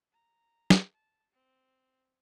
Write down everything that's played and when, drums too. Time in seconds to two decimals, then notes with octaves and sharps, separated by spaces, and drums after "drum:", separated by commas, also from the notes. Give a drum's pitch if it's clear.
0.12 A#5
0.70 drum: snare
0.92 A5
1.32 C4